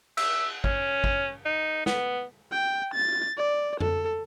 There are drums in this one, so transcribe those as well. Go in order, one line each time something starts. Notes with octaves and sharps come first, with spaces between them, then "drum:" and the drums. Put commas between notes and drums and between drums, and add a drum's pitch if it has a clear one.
E5, drum: cymbal
C#4, drum: kick
drum: kick
D#4
B3, drum: snare
G5
A6
D5
A4, drum: tom F2